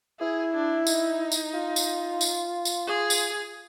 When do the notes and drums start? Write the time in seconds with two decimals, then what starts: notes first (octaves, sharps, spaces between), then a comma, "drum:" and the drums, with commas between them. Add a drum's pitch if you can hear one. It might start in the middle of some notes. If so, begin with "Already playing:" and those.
0.20 E4 G#4
0.54 D4
0.87 D#4, drum: tambourine
1.32 drum: tambourine
1.54 F4
1.76 drum: tambourine
2.21 drum: tambourine
2.65 drum: tambourine
2.87 G#4
3.10 drum: tambourine